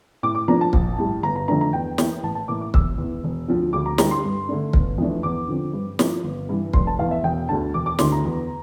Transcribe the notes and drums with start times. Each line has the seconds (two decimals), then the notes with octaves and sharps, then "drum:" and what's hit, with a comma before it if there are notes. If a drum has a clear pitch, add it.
0.23 A2 D6
0.35 D6
0.48 F3 A#3 D4 A#5
0.61 A5
0.73 A#1, drum: kick
0.98 A2 G3
1.23 G1 A#5
1.36 A#5
1.48 F2 D3 A3 D4 A#5
1.61 A#5
1.73 E2 G5
1.98 E3 A#3, drum: snare
2.23 A1 A5
2.35 A5
2.48 A2 E3 A#3 E4 D6
2.61 D6
2.74 E1 E6, drum: kick
2.98 E2 E3
3.24 E1
3.48 D2 D3 F3 C4
3.73 D2 D6
3.86 A#5
3.98 D3 G3 A#5, drum: snare
4.11 C6
4.24 G2
4.48 D3 A3 D4
4.73 G1, drum: kick
4.98 F2 E3 A3 D4
5.23 E2 D6
5.48 D3 F3 C4
5.73 G2
5.99 F3 A#3, drum: snare
6.24 G1
6.49 G2 E3
6.73 F1 C6, drum: kick
6.87 A5
6.99 E2 E3 F5
7.11 E5
7.23 E1 G5
7.49 D2 D3 A5
7.74 E1 D6
7.86 D6
7.99 D2 D3 A3 C6, drum: snare
8.12 A#5
8.25 E2